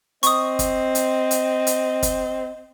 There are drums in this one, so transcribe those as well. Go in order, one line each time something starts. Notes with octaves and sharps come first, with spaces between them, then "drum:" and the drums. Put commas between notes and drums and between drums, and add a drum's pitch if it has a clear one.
C4 D#5 C#6 D#6, drum: hi-hat
drum: kick, hi-hat
drum: hi-hat
drum: hi-hat
drum: hi-hat
drum: kick, hi-hat